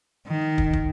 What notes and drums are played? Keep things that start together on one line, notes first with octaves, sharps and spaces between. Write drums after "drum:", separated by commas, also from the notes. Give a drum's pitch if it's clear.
D#3
drum: kick
drum: kick